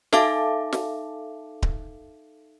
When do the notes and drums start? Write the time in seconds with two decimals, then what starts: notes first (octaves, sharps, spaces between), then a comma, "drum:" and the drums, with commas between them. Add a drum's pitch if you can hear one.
0.13 D#4 A4 E5 F5 A5 D6, drum: snare
0.73 drum: snare
1.62 drum: kick D1